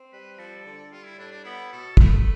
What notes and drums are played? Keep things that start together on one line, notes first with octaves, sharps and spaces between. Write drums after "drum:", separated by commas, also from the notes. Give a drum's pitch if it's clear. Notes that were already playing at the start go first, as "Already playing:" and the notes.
Already playing: C4
G3 B4
F3 A4
D3
G3 F4
E4
A2 D4
D4
B3 E4
B2 A4
A3 B4, drum: kick